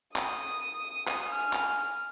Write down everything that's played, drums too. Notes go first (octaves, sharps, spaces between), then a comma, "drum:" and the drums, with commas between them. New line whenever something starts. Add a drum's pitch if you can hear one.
D#6, drum: clap
drum: clap
G#5 F6
drum: clap